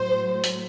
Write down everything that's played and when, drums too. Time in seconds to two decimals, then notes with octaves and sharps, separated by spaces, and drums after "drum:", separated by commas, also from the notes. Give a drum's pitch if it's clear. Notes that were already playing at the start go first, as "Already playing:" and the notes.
Already playing: A2 F#3 C5
0.44 drum: hi-hat